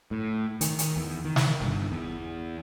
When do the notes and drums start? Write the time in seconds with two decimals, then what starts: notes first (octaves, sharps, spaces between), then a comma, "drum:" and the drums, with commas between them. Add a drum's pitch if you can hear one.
0.11 A2
0.61 D#3, drum: hi-hat
0.79 drum: hi-hat
0.96 E2
1.25 D#3
1.36 drum: snare
1.61 G1
1.92 E2